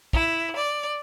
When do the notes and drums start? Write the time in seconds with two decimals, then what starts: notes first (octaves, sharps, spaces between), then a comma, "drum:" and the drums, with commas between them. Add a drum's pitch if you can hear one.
0.13 E4, drum: kick
0.56 D5